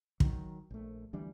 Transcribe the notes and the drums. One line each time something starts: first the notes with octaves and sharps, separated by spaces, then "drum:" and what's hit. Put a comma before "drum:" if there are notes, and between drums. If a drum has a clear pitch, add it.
D#3 F#3, drum: kick
A#1 A3
D2 E3 G3 D4